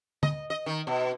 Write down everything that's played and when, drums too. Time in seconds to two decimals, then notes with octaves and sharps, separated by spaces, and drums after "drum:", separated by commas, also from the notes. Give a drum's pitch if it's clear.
0.23 D#5, drum: tom D3
0.50 D#5
0.66 D#3
0.87 B2